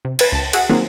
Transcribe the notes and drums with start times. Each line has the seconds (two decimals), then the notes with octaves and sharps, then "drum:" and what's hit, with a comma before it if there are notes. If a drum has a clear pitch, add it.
0.05 C3
0.19 B4 G#6 A6, drum: cymbal
0.32 C#2 A5
0.53 F#4 G#4 E5 F#5, drum: cymbal
0.70 D#3 F#3 A#3 C4 F4 G#4